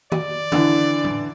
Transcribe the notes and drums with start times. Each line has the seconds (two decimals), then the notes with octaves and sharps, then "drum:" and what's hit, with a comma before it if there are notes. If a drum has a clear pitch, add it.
0.12 D5, drum: tom D#3
0.52 D3 E3, drum: tom D#3
1.04 drum: tom